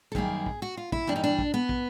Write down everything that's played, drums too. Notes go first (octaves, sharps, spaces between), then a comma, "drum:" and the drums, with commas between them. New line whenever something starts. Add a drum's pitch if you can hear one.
A4
F#2 D#3 G3 A#3 G#4, drum: kick
drum: kick
F#4
F4
E4, drum: kick
G2 E3 G3 D4
D#4
D4
drum: kick
B3
drum: kick